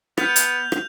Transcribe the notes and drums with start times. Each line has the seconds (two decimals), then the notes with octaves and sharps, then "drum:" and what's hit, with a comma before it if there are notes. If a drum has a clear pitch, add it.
0.18 B3 F6 G6 F7, drum: rim click
0.36 drum: hi-hat
0.72 drum: rim click